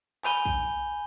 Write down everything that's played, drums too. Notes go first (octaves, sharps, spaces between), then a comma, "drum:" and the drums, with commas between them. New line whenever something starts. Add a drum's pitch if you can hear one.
G#5 B5 G6 D#7 G7, drum: clap
drum: kick